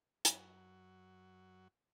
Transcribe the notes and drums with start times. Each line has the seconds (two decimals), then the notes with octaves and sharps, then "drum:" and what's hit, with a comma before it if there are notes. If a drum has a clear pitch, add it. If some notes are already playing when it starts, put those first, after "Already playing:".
0.25 F#2 F#3, drum: hi-hat